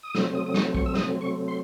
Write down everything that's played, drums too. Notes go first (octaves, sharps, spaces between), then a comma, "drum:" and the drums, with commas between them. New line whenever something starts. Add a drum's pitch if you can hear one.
D#6
C3 F#3 A3 C4 E6, drum: snare
D#6
D#6
C#6, drum: snare
C#6, drum: kick
E6
C3 F#3 A3 C4 D#6, drum: snare
C#6
C6